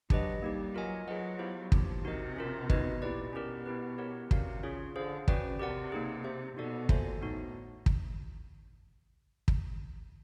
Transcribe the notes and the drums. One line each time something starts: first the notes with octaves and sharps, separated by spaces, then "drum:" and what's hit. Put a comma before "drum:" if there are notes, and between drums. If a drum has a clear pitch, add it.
F#3 D4 G4 B4 D#5, drum: kick
G3 A#3 D#4 G4
F#3 F4 A#4 D#5 G#5
F#3 F4 G#4 B4 D#5 F#5
B3 E4 G4 C5 F5
F3 A#3 D4 G4, drum: kick
C3 D#4 F#4 A#4 D#5
C#4 F4 A#4
B3 D#4 F#4 B4 D#5, drum: kick
A#2 E4 G4 B4 D5
B2 C#4 E4 G4 A#4
B3 E4 G4 B4
G4 A#4 C#5 F#5
C3 C#4 F#4 A#4 D5 F5, drum: kick
C#3 C#4 F4 G#4 C#5
D3 G#4 C5 F5
C#3 C#4 F#4 B4 D5 G5, drum: kick
C3 G4 A#4 D5 F#5
A#3 D#4 G#4
G4 C5 E5
B2 D#4 F#4 A4 D5
A#2 F#4 A4 C5 E5 G#5, drum: kick
A2 B3 D#4 F#4
drum: kick
drum: kick